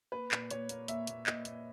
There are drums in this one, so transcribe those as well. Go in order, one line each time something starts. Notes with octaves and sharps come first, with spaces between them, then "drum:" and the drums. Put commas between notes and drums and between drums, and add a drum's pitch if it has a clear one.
A#3 B4
A#2, drum: clap
A#2 C#5, drum: hi-hat
A#3, drum: hi-hat
A#2 E5, drum: hi-hat
A#2, drum: hi-hat
A#2 D#5, drum: clap
A#2, drum: hi-hat